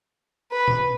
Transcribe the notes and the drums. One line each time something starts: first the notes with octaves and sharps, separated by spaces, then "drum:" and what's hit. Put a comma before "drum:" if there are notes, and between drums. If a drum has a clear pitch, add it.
B4
drum: tom B2